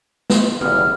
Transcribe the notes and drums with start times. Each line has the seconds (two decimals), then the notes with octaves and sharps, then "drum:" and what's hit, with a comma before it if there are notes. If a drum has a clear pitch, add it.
0.30 drum: snare
0.61 F#1 G3 B3 F6, drum: tom D#3